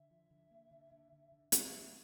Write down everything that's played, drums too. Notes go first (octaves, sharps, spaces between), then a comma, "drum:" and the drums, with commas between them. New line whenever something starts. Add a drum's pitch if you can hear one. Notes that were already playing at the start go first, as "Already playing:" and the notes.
Already playing: D3 E5
F3
D3
A#3
D3
D3
D3
D3
D3 E5, drum: hi-hat
A#3